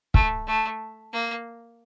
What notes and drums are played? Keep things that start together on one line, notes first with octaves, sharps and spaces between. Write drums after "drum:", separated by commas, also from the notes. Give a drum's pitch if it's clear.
A3, drum: kick
A3
A#3